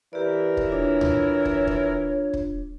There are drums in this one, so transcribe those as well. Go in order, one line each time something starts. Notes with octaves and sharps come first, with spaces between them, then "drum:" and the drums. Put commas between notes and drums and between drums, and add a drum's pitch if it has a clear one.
E3 E4 G4 A#4 B4 D5
drum: kick
D4 F4 C#5
drum: tom C#2
drum: kick
drum: kick
drum: kick